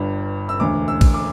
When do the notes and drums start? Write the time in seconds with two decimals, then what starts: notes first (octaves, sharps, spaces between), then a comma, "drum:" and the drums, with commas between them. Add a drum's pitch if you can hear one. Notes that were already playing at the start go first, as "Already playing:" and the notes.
Already playing: G1 G2 G3
0.49 E6
0.60 E1 D2 D3 D6
0.88 E6
1.01 drum: kick A#1, cymbal
1.14 D6